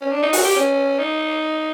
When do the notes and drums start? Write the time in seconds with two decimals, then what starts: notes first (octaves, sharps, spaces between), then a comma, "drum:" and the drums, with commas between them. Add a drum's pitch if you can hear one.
0.01 C#4
0.12 D4
0.23 D#4
0.33 F#4, drum: open hi-hat
0.44 G4
0.56 C#4
0.99 D#4